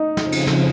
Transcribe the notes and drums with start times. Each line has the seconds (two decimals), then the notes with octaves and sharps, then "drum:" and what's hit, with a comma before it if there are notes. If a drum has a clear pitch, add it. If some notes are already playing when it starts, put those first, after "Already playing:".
Already playing: D#4
0.17 F2 C#3 F3, drum: snare
0.32 drum: cymbal
0.47 drum: snare